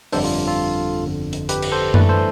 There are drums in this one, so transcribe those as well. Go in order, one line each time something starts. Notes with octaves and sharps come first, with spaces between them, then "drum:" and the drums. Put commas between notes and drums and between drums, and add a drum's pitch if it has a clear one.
G1 F2 D3 G3 D4 A4 C5, drum: open hi-hat
F4
F4 A4
G1 F2 D3
drum: hi-hat
G4 B4, drum: hi-hat
drum: cymbal
A4 C5
G2 E3 A3 D4 B4 D5, drum: tom F#2
A4 C5